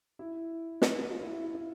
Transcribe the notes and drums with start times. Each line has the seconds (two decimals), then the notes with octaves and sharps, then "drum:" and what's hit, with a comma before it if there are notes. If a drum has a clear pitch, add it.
0.19 E4
0.82 drum: snare
1.10 F4
1.21 E4
1.33 E4
1.43 E4
1.55 E4